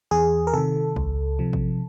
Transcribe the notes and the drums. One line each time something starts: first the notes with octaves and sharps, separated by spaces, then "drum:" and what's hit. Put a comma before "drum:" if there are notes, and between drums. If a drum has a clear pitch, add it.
E2 G#4
A#4
C3 D#3 A4
C#2, drum: kick A1
C3 F3
drum: kick A1